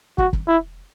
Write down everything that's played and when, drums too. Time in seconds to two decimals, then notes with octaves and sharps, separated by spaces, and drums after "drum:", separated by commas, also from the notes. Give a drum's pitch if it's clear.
0.18 F#4, drum: kick
0.33 drum: kick
0.48 E4